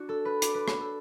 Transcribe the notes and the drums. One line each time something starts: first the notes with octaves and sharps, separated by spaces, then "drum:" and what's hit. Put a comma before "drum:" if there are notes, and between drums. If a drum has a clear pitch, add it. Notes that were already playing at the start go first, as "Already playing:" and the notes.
Already playing: D4 F#4
A4
B4
D5, drum: hi-hat
B4
drum: rim click
A4